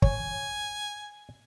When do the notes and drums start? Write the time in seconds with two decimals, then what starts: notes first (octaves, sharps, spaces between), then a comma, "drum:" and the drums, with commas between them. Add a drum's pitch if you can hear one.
0.02 C#5 G#5, drum: kick